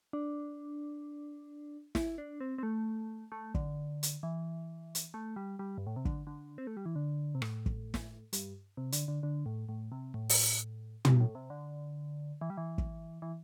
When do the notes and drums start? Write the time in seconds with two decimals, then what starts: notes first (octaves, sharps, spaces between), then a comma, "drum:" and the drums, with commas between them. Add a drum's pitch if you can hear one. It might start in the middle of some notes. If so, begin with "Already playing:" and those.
0.13 D4
1.95 E4, drum: snare
2.18 D4
2.40 C4
2.58 C4
2.63 A3
3.32 A3
3.55 D3, drum: kick
4.03 drum: hi-hat
4.23 E3
4.95 drum: hi-hat
5.14 A3
5.36 G3
5.59 G3
5.78 G2
5.86 A2
5.96 C3
6.05 D3, drum: kick
6.27 D3
6.58 C4
6.67 A3
6.77 G3
6.86 E3
6.95 D3
7.35 C3
7.42 A2, drum: rim click
7.66 drum: kick
7.94 drum: snare
8.33 G2, drum: hi-hat
8.77 C3
8.92 D3, drum: hi-hat
9.08 D3
9.23 D3
9.46 A2
9.69 A2
9.92 C3
10.14 A2
10.29 drum: open hi-hat
11.05 G2, drum: tom
11.20 A2
11.35 C3
11.50 D3
12.41 E3
12.50 G3
12.57 E3
12.78 drum: kick
13.22 E3